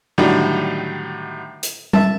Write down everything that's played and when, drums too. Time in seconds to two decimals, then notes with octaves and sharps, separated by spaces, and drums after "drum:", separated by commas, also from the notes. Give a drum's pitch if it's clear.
0.18 A2 D3 D#3 F#3 G3
1.63 drum: hi-hat
1.93 E5 A5, drum: tom G3